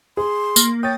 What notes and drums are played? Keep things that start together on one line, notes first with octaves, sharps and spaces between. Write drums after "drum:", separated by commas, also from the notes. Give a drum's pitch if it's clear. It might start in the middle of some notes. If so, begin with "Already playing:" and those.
G#4 C6
A#3, drum: tambourine
C#5 G5 D#6 G6 A6